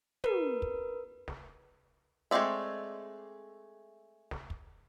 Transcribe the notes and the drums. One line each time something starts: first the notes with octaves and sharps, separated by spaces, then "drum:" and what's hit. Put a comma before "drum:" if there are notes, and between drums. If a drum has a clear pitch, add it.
A#4 B4, drum: tom
drum: kick
drum: snare
G#3 A3 C4 D5 E5
drum: snare
drum: kick